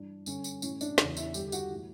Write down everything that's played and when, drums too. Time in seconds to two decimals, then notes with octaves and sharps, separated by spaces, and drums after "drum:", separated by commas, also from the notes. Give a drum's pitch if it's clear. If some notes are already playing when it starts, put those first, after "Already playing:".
Already playing: G2 E3 D4
0.26 G2 D3 C#4, drum: tambourine
0.44 drum: tambourine
0.62 A2 E3 C#4, drum: tambourine
0.81 D4, drum: tambourine
0.98 E2 C#3 E3 D4, drum: snare
1.17 E4, drum: tambourine
1.34 G2 D3 G4, drum: tambourine
1.48 G4
1.52 F#4, drum: tambourine
1.70 A2 E3